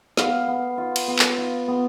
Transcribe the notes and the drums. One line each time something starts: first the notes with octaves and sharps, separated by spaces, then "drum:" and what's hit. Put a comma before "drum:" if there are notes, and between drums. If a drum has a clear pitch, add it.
B3 F5, drum: snare
B3
F4
drum: cymbal
B3
drum: clap
F4
B3